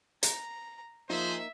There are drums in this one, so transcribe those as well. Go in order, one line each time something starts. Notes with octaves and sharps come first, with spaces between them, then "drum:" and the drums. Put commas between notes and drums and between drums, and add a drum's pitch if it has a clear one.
A#5, drum: hi-hat
F3 A#3 D#4 G#4 C5 E5